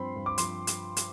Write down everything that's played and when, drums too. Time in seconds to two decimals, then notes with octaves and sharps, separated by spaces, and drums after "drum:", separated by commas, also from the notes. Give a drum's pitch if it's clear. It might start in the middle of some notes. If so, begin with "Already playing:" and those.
Already playing: G2 F3 C4 B5 C6
0.16 G2
0.26 D6
0.38 F3 C6, drum: hi-hat
0.67 drum: hi-hat
0.97 drum: hi-hat